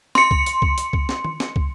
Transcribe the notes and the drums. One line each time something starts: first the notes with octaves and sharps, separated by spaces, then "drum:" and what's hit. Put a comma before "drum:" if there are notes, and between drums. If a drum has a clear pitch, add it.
C6 C#7, drum: snare
drum: kick
drum: hi-hat
drum: kick
drum: hi-hat
drum: kick
drum: snare
drum: tom D#3
drum: snare
drum: kick